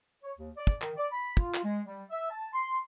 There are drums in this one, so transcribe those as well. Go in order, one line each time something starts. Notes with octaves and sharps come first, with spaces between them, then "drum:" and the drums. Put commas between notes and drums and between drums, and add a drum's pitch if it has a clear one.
C#5
D#2
D5
drum: kick
D#3, drum: clap
D5
B5
F4, drum: kick
drum: clap
G#3
G3
E5
A5
C6